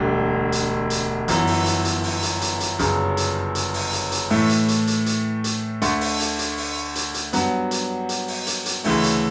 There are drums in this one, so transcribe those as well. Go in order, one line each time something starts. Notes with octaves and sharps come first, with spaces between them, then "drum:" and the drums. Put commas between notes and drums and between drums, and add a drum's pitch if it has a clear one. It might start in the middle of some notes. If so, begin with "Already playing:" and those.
Already playing: E1 D2 D3 G3
drum: hi-hat
drum: hi-hat
G1 F#2 E3 B3 E4, drum: hi-hat
drum: open hi-hat
drum: hi-hat
drum: hi-hat
drum: open hi-hat
drum: hi-hat
drum: hi-hat
drum: hi-hat
G1 F#2 C#3, drum: hi-hat
drum: hi-hat
drum: hi-hat
drum: open hi-hat
drum: hi-hat
drum: hi-hat
A2 E3 A3, drum: open hi-hat
drum: hi-hat
drum: hi-hat
drum: hi-hat
drum: hi-hat
drum: hi-hat
D2 D3 A3, drum: hi-hat
drum: open hi-hat
drum: hi-hat
drum: hi-hat
drum: open hi-hat
drum: hi-hat
drum: hi-hat
G2 F#3 B3, drum: hi-hat
drum: hi-hat
drum: hi-hat
drum: open hi-hat
drum: hi-hat
drum: hi-hat
D2 C#3 E3 A3, drum: open hi-hat
drum: hi-hat